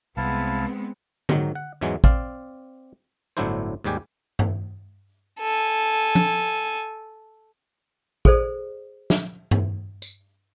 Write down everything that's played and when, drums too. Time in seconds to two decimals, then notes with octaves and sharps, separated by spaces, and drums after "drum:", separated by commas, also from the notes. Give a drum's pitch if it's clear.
0.17 C2 G#3 B3 C4 E4 F5 A5
1.29 G#2 D#3 F#3, drum: tom D3
1.55 F#5
1.81 E2 G#2 E3 F#3 G#3
2.04 C4 D5 F5, drum: kick
3.37 G1 A2 F#3 D4 E4 C5
3.84 D#2 G#2 G3 G4 G#5
4.39 drum: tom G2
5.40 A4 G#5
6.15 drum: tom F3
8.25 G#4 A4 C5 D5, drum: kick
9.10 drum: snare
9.51 drum: tom G2
10.02 drum: tambourine